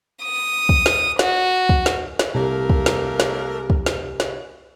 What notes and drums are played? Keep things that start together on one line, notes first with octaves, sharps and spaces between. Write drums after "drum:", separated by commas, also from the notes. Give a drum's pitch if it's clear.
D#6
drum: kick
drum: snare
F#4, drum: snare
drum: kick
drum: snare
drum: snare
C2 A3 A#3 G4 A#4
drum: kick
drum: snare
drum: snare
drum: kick
drum: snare
drum: snare